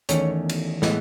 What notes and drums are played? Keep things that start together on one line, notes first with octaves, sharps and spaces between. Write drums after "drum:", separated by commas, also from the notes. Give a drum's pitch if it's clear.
E2 D#3 A3 C#4 C#5, drum: hi-hat
drum: cymbal
A2 E3 G#3 B3 D#5, drum: snare